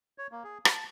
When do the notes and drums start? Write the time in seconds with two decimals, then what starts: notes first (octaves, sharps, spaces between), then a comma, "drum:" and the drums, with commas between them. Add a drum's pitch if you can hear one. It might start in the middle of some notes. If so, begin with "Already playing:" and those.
0.18 C#5
0.32 A#3
0.44 G#4
0.65 A5, drum: rim click